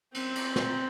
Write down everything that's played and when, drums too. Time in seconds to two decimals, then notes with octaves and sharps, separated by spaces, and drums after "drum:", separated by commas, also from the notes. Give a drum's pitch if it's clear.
0.15 C4, drum: cymbal
0.35 drum: cymbal
0.56 drum: snare